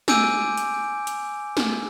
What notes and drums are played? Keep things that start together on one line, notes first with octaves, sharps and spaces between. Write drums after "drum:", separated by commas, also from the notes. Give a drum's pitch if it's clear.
G#5 D6 E6 G6 D7 D#7, drum: snare
drum: hi-hat
drum: hi-hat
drum: snare